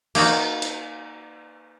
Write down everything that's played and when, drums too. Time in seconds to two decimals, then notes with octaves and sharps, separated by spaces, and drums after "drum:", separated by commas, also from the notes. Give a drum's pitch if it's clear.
0.15 A#3 D#4 F#4, drum: cymbal
0.62 drum: hi-hat